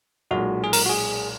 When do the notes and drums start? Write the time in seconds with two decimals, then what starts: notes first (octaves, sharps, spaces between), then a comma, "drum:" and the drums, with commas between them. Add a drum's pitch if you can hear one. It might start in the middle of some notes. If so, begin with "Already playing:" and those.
0.31 B1 A#2 G#3 F#4
0.64 G#4
0.73 A#4, drum: open hi-hat
0.86 F#4
0.89 G#4